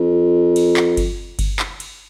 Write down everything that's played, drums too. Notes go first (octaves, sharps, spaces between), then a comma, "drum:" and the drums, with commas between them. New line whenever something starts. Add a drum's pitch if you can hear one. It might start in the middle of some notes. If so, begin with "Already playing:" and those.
Already playing: F2
drum: cymbal
drum: clap
drum: kick G1, cymbal
drum: kick G1, cymbal
drum: clap
drum: cymbal